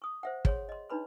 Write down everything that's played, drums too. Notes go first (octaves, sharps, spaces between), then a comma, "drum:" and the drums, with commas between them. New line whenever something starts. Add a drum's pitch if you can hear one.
C#6 D#6
C5 E5 F#5
G#4 C#5 C6, drum: kick
D#5 C6
D4 D#4 B4 B5 C6